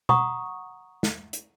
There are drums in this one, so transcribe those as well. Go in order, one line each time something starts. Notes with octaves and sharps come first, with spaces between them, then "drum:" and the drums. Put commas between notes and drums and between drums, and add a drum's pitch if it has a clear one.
F#5 A#5 C#6 D#6, drum: tom B2
drum: snare
drum: hi-hat